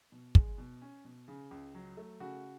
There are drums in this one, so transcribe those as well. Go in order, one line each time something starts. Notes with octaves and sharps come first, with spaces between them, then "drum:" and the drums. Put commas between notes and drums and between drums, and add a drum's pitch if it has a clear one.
B2
G#3, drum: kick
B2
C#4
B2
C#3
C#2
F#3
A3
C#3 F#4